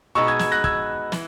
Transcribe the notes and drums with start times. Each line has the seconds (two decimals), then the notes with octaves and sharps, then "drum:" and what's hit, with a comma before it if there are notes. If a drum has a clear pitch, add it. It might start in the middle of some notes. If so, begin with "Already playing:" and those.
0.15 B2 G#3 B3 D#4 C#6 E6
0.27 E6 G#6
0.39 E6 G#6, drum: snare
0.52 F#6 A#6
0.64 E6 G#6, drum: kick
1.12 E3, drum: snare